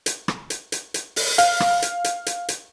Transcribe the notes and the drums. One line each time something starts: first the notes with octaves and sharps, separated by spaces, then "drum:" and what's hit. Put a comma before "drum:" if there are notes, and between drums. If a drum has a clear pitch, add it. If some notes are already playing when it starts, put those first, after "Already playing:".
drum: hi-hat
drum: rim click
drum: hi-hat
drum: hi-hat
drum: hi-hat
drum: open hi-hat
F5, drum: hi-hat
drum: rim click
drum: hi-hat
drum: hi-hat
drum: hi-hat
drum: hi-hat